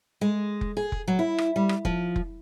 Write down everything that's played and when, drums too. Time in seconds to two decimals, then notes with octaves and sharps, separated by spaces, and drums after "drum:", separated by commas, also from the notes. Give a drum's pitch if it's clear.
0.21 G#3
0.61 drum: kick F1
0.77 G#4
0.92 drum: kick F1
1.08 F#3
1.19 E4
1.38 drum: rim click
1.56 G3
1.69 drum: rim click
1.85 F3, drum: kick F1
2.16 drum: kick F1